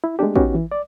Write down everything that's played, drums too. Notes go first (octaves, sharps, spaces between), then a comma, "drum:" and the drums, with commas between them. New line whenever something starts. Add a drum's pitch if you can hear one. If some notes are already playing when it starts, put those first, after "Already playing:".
E4
G#3 A3 B3 D4 G4
B3 C#4 D#4 F#4 G4, drum: kick
E3
D5